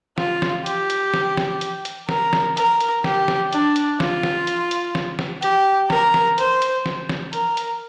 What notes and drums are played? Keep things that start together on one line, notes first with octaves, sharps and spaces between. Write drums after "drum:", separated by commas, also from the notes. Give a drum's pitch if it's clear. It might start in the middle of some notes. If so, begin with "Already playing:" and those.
F4, drum: snare
drum: snare
G4, drum: hi-hat
drum: hi-hat
drum: snare
drum: snare
drum: hi-hat
drum: hi-hat
A#4, drum: snare
drum: snare
A#4, drum: hi-hat
drum: hi-hat
G4, drum: snare
drum: snare
D4, drum: hi-hat
drum: hi-hat
F4, drum: snare
drum: snare
drum: hi-hat
drum: hi-hat
drum: snare
drum: snare
G4, drum: hi-hat
A#4, drum: snare
drum: snare
C5, drum: hi-hat
drum: hi-hat
drum: snare
drum: snare
A#4, drum: hi-hat
drum: hi-hat